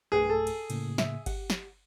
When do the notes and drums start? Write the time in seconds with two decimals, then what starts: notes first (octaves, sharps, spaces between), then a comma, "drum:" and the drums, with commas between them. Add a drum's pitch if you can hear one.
0.12 B1 G2 A3 G#4 A#4 B4 G5
0.30 A4
0.47 drum: cymbal
0.70 A2 C#3 A#3, drum: cymbal
0.98 E5, drum: snare
1.26 G4 F#5, drum: kick G1, cymbal
1.50 drum: snare